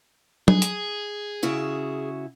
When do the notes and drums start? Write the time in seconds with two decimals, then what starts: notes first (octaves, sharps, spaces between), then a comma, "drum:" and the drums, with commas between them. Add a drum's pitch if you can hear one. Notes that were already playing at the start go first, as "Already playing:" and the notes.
0.48 G#4, drum: tom F#3
0.62 drum: hi-hat
1.43 C#3 E4 F#4